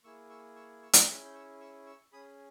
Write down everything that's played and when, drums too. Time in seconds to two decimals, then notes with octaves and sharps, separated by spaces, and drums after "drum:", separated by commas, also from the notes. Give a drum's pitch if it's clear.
0.04 A#3 E4 G#4 C#6 E6
0.30 C#6 E6
0.56 C#6 E6
0.82 C#6 E6
0.93 drum: hi-hat
1.08 C#4 E4 G#4 B5 D#6
1.25 G6
1.34 C#6 E6
1.61 C#6 E6
1.87 C#6 E6
2.12 C#4 G#4 B5 D#6